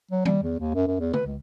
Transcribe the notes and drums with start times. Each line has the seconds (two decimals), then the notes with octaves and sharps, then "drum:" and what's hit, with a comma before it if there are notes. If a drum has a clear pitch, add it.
0.11 F#3
0.25 G3, drum: tom D#3
0.43 E2
0.59 D#2
0.75 F#2
0.87 F#2
1.00 E2
1.13 B4, drum: tom C#3
1.26 C#2